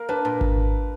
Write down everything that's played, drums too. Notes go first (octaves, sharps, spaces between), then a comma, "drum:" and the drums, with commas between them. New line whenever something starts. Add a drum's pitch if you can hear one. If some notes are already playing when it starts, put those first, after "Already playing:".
Already playing: A#3 A#4
D4 B4
A#2
drum: kick G#1